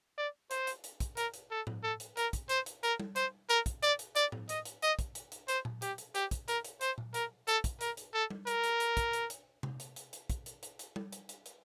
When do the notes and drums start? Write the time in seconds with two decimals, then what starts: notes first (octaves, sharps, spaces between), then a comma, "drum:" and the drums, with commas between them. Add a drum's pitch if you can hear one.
0.18 D5
0.51 C5, drum: hi-hat
0.67 drum: hi-hat
0.84 drum: hi-hat
1.00 drum: kick, hi-hat
1.17 A#4, drum: hi-hat
1.34 drum: hi-hat
1.51 A4
1.67 drum: tom A2
1.83 A4
2.00 drum: hi-hat
2.17 A#4, drum: hi-hat
2.33 drum: kick, hi-hat
2.49 C5, drum: hi-hat
2.66 drum: hi-hat
2.83 A#4, drum: hi-hat
3.00 drum: tom G3
3.16 C5, drum: hi-hat
3.49 A#4, drum: hi-hat
3.66 drum: kick, hi-hat
3.83 D5, drum: hi-hat
3.99 drum: hi-hat
4.15 D5, drum: hi-hat
4.32 drum: tom A2
4.49 D#5, drum: hi-hat
4.65 drum: hi-hat
4.82 D#5, drum: hi-hat
4.99 drum: kick, hi-hat
5.15 drum: hi-hat
5.32 drum: hi-hat
5.48 C5, drum: hi-hat
5.65 drum: tom A#2
5.82 G4, drum: hi-hat
5.98 drum: hi-hat
6.15 G4, drum: hi-hat
6.31 drum: kick, hi-hat
6.48 A#4, drum: hi-hat
6.65 drum: hi-hat
6.81 C5, drum: hi-hat
6.98 drum: tom A#2
7.14 A#4, drum: hi-hat
7.47 A4, drum: hi-hat
7.64 drum: kick, hi-hat
7.81 A#4, drum: hi-hat
7.97 drum: hi-hat
8.14 A4
8.30 drum: tom G3
8.47 A#4, drum: hi-hat
8.64 drum: hi-hat
8.80 drum: hi-hat
8.97 drum: kick, hi-hat
9.13 drum: hi-hat
9.30 drum: hi-hat
9.63 drum: tom C3
9.80 drum: hi-hat
9.96 drum: hi-hat
10.13 drum: hi-hat
10.30 drum: kick, hi-hat
10.46 drum: hi-hat
10.63 drum: hi-hat
10.79 drum: hi-hat
10.96 drum: tom G3
11.12 drum: hi-hat
11.29 drum: hi-hat
11.46 drum: hi-hat